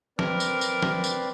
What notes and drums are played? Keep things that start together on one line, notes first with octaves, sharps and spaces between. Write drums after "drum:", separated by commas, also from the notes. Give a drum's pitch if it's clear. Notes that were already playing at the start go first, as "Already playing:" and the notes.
C4 A#4 B4 D5, drum: snare
drum: tambourine
drum: tambourine
drum: snare
drum: tambourine